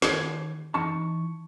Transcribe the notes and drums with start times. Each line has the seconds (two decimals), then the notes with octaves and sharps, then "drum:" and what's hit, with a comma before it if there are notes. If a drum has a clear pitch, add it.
0.02 D#2 G#6, drum: snare
0.74 E3 D#4 A5 C#6